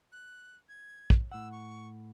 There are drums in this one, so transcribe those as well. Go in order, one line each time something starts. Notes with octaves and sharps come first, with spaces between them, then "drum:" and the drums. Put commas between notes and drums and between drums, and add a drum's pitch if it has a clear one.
F#6
G#6
drum: kick
A2 F#5 E6
C#6